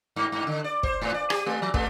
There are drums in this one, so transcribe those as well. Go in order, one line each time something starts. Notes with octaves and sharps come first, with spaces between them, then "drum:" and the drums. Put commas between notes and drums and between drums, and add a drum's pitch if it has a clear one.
G2
G2
D3
D5
C5, drum: kick
G#2
D5
G4, drum: rim click
G#3
F3
G#3, drum: kick